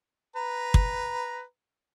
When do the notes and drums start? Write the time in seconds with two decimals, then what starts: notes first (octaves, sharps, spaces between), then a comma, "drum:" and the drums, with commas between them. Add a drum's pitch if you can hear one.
0.36 B4 A#5
0.74 drum: kick